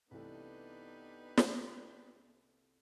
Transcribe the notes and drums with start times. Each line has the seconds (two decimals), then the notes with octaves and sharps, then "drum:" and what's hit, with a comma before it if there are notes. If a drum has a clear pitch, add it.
0.11 C2 E3 A3 B3 D4 D#4 G4 B4
1.37 drum: snare